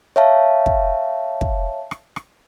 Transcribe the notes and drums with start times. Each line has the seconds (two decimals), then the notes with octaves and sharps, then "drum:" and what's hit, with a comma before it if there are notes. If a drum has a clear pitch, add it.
0.16 C#5 E5 F5 A5
0.66 drum: kick
1.41 drum: kick
1.91 drum: rim click
2.16 drum: rim click